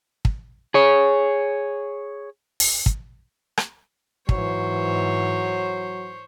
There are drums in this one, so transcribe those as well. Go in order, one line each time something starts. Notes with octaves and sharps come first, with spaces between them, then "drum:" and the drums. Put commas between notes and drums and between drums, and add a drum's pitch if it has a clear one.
drum: kick
G#4 C#5
drum: open hi-hat
drum: kick
drum: rim click
G#2 E3 F#3 C5 C#5, drum: kick